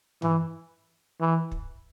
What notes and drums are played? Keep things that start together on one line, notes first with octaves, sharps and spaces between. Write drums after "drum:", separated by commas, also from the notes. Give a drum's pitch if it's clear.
E3, drum: tom G2
E3
drum: kick